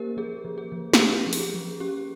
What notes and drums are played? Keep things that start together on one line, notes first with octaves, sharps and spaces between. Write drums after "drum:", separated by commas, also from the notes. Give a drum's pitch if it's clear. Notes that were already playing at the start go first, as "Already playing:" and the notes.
Already playing: A#3 C#4 G4 A#4 C5
F3 G#4
F3
G#4
F3
G#4, drum: snare
C#4 G4
F3
G4, drum: open hi-hat
G#4
F3
C#4 G4